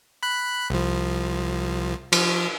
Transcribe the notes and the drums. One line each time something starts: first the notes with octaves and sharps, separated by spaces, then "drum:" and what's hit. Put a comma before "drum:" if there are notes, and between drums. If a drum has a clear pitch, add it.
B5 F#6
C2 F3
F3, drum: cymbal